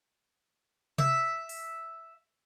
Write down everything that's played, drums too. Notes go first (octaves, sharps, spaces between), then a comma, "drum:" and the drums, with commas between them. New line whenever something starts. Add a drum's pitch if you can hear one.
E5, drum: tom C3
drum: open hi-hat